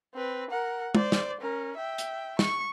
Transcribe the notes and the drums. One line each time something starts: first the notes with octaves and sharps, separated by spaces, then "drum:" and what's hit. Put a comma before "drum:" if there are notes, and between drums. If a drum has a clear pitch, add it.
C4 B4
A#4 F#5
C5 D5, drum: tom
drum: snare
C#4 A#4
E5 G5
drum: hi-hat
C#6, drum: snare